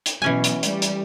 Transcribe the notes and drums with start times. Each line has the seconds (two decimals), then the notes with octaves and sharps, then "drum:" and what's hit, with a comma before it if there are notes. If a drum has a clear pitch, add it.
0.06 drum: hi-hat
0.22 B2 E3 F#3 C#4 G#5
0.44 drum: hi-hat
0.63 G3 A3, drum: hi-hat
0.82 drum: hi-hat